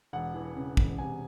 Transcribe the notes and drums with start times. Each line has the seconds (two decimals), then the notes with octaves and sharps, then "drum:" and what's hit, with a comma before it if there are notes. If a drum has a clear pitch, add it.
0.13 E1 F#5
0.34 E3
0.56 C#3
0.77 E1, drum: kick
0.98 C3 G#5